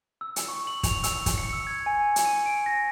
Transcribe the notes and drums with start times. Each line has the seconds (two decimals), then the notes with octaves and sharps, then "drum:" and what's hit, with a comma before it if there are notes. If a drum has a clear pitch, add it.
0.21 E6
0.36 drum: hi-hat
0.48 C#6
0.67 F#7
0.83 F7, drum: kick, hi-hat
1.04 E6, drum: hi-hat
1.26 drum: kick, hi-hat
1.38 C#7
1.53 E6
1.67 G#6
1.86 G#5
2.16 drum: hi-hat
2.25 D#7
2.46 D7
2.66 A#6